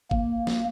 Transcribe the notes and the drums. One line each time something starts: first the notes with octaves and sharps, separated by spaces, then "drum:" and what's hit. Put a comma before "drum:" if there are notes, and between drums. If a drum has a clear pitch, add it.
A#3, drum: kick G1
drum: snare